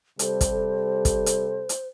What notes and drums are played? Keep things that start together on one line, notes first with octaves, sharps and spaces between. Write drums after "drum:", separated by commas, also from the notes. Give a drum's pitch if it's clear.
C3 G3 A4 C5, drum: hi-hat
drum: kick, hi-hat
drum: kick, hi-hat
drum: hi-hat
drum: hi-hat